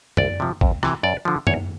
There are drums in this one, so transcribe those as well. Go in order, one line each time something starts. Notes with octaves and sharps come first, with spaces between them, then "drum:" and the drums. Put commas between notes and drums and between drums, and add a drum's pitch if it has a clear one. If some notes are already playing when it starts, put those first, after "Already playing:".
C2 D5, drum: tom
C3 F3
F2, drum: kick
C3 E3, drum: rim click
F#2 D5
D3 F3
E2 C#5, drum: tom